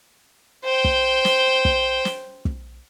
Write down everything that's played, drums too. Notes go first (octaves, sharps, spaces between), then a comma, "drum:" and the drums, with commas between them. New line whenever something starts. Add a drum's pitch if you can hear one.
C5 G5
drum: kick
drum: snare
drum: kick
drum: snare
drum: kick